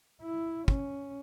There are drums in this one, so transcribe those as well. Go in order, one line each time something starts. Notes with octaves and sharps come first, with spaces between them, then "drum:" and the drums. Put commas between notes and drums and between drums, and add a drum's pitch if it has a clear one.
E4
C#4, drum: kick